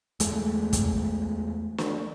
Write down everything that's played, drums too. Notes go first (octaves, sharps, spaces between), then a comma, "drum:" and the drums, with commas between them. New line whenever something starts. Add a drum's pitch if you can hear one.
E2 G#3 A3, drum: hi-hat
drum: kick, hi-hat
drum: snare